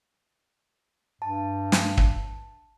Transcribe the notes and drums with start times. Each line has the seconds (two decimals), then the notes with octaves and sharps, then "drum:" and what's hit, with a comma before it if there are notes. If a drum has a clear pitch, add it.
1.22 G2 A5
1.72 drum: snare
1.97 drum: kick